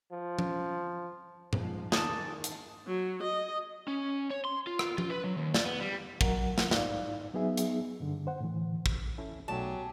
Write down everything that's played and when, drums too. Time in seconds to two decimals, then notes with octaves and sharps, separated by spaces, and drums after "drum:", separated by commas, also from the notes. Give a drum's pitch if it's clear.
0.12 F3
0.39 drum: tom F3
1.53 G#2 F3, drum: tom G#2
1.92 D#3 G#4 D5 A5, drum: snare
2.44 drum: hi-hat
2.87 F#3
3.23 D#5
3.88 C#4
4.30 C#5
4.45 C6
4.67 F4
4.79 drum: rim click
4.98 F4, drum: tom F3
5.10 B4
5.24 F#3
5.37 D#2
5.54 D5, drum: snare
5.66 B3
5.80 G3
6.21 F#3 A#4 F#5, drum: kick
6.58 drum: snare
6.71 G#2 D#4 D5 F5, drum: snare
7.34 F#3 B3 D#4 G#4 E5
7.57 drum: hi-hat
8.00 G2 D3
8.27 C5 F#5
8.40 A2 E3
8.86 drum: kick
9.18 C#4 E4 A4
9.48 B1 F#3 A3 G4 G#4 D5 A5